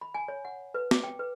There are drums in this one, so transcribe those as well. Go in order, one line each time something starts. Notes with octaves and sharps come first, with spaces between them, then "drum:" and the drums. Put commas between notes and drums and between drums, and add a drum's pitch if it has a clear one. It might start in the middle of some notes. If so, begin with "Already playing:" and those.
B5
G#5
C#5
F#5
B4
D6, drum: snare
G5
B4